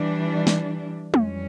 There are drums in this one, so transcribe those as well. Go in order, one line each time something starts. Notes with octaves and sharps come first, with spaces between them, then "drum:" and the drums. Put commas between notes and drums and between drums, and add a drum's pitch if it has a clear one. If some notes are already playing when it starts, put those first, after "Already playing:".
Already playing: E3 G3 D4
drum: snare
F2 E3 G3 C#4, drum: tom G#3